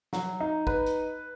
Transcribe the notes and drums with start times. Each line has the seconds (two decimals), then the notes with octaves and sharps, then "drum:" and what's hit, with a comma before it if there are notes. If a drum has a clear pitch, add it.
0.13 F#3, drum: snare
0.40 D#4
0.67 B4, drum: kick
0.86 drum: hi-hat